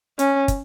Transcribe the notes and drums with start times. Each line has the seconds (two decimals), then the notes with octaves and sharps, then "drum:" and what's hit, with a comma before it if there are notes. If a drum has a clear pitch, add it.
0.19 C#4, drum: hi-hat
0.48 drum: kick, hi-hat